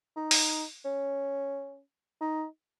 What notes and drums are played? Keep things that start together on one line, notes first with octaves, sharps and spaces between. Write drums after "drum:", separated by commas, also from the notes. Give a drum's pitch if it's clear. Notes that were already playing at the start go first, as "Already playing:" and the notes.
D#4
drum: open hi-hat
C#4
D#4